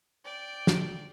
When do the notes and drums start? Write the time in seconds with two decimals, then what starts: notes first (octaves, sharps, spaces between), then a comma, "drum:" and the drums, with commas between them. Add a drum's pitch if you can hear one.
0.25 D5 G5
0.67 drum: snare